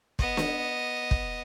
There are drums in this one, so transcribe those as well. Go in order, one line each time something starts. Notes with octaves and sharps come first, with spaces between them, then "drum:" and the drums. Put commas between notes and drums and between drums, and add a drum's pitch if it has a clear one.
B3 D#5, drum: kick
drum: snare
drum: kick